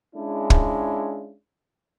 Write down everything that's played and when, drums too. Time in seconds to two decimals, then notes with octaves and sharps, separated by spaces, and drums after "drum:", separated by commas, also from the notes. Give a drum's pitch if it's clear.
0.15 G#3 C#4 D4 E4 F4
0.50 drum: kick